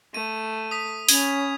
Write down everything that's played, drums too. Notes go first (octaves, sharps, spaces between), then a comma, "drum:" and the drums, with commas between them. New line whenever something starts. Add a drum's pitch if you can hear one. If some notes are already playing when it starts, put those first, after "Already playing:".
A3 D#7
D#6 B6
C#4 B5 G#6 F7, drum: open hi-hat